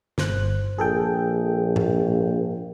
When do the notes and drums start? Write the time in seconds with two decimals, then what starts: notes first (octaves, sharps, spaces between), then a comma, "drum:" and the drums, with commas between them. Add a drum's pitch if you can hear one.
0.18 G1 C5 F#6, drum: snare
0.78 A#1 G#4 A4 G5
1.76 drum: tom G#2